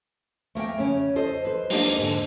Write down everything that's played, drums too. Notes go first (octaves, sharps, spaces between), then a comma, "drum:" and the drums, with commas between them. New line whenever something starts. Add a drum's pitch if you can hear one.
A3 A#3 E5 G5
C#3 C#4
A4 C5 D#5
B4 C5
A#3 D4 D#4 G4 C5 D#5, drum: open hi-hat
G#2 D3